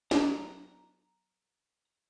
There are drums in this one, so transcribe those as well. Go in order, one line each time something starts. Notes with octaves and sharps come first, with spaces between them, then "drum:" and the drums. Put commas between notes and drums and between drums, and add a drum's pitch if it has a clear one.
F#3 B3 F#4 A#5, drum: snare